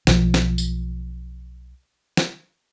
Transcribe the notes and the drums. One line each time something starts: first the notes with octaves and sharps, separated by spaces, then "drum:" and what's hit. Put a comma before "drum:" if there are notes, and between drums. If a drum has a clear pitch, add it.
B1 F3, drum: snare
drum: snare
drum: tambourine
drum: snare